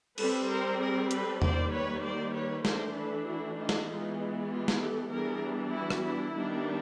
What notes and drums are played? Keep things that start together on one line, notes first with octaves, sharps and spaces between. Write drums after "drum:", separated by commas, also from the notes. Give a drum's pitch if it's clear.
G3 C4 A4 B4, drum: cymbal
A#4 C5
G#4 A#4
A4 B4, drum: hi-hat
D#3 G3 A#3 C5 D5, drum: tom E2
B4 C#5
C5 D5
B4 C#5
E3 A3 D4 A#4 C5, drum: snare
A4 B4
E4 F#4
D#4 F4
drum: snare
E3 G#3 B3 D#4 F4
F4 G4
drum: snare
G4 A4
E3 G3 B3 D4 G#4 A#4
E4 F#4
drum: rim click
D4 E4
D#3 G3 B3 D4